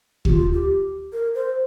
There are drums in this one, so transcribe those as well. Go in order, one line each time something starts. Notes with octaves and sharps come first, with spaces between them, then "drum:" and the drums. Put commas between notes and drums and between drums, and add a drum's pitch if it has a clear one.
G4, drum: kick
F4
G4
A#4
C5